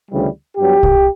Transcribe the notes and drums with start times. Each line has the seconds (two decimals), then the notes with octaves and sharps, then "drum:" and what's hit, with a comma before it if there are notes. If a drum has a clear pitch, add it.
0.10 D2 C#3 E3 G3
0.57 G2 F#3 B3 G4
0.83 drum: kick